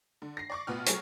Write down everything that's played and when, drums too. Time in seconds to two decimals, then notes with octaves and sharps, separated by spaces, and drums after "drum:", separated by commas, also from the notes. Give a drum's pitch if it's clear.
0.22 D3
0.37 A#6 C7
0.50 D5 C#6 D6
0.67 A1 B2 F4 B4 F#5 F6
0.86 F#3 G#4 A4 C#5, drum: hi-hat